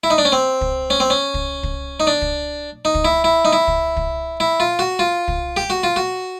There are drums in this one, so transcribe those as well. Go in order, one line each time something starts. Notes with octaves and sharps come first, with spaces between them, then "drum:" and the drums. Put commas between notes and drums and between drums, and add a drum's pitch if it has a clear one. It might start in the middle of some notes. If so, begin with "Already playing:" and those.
E4
D#4
D4
C#4
C4
drum: kick
C#4
C4
C#4
drum: kick
drum: kick
D#4
D4
drum: kick
D#4
drum: kick
E4
E4
D#4
E4
drum: kick
drum: kick
E4
F4
F#4
F4
drum: kick
G4
F#4
F4
F#4